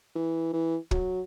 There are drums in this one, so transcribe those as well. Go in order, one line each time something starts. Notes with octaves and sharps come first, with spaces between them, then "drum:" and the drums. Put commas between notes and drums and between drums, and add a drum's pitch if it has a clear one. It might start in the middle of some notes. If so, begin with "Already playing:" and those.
E3
E3
F#3, drum: kick